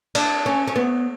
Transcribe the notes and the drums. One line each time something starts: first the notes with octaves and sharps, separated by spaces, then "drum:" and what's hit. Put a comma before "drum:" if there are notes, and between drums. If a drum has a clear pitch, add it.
D4, drum: cymbal
C#4
C#4
B3